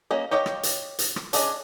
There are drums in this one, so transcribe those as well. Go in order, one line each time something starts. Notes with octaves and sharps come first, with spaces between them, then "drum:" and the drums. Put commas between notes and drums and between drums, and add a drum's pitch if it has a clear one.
A#3 C#4 D#5
G4 C#5 D#5 F5 G5
drum: rim click
drum: hi-hat
drum: hi-hat
drum: rim click
C#4 D4 G#4 D5 D#5, drum: hi-hat